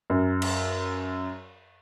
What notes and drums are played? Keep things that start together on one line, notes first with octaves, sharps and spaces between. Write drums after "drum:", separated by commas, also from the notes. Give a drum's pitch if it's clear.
F#2
drum: cymbal